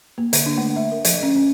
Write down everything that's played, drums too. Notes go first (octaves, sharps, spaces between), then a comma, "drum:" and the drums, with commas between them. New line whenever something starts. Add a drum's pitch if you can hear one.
A#3
D3, drum: hi-hat
D4
A3
E5
A#4
F3, drum: hi-hat
C#4
C#4